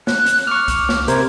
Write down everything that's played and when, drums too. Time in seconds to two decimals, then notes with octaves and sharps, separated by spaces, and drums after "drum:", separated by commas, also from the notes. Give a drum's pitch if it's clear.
0.07 F#6, drum: snare
0.26 drum: hi-hat
0.47 C#6 D6 F6
0.68 drum: kick C2, hi-hat
0.89 drum: snare
1.08 C3 A#4 C5 G#6, drum: hi-hat